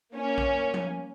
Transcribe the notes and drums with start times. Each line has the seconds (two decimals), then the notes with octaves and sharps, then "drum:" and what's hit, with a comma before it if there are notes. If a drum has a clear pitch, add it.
0.13 A#3 C#4
0.38 drum: kick
0.74 drum: tom F3